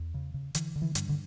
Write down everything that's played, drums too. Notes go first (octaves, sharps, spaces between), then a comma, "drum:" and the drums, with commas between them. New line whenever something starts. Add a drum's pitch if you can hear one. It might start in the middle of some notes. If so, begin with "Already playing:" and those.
Already playing: E2
C#3
C#3
D3 E3, drum: hi-hat
D3
E3
G2, drum: hi-hat
D3